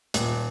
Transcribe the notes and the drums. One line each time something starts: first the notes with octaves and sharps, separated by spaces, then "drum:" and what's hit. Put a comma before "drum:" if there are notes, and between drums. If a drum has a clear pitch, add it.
D#1, drum: hi-hat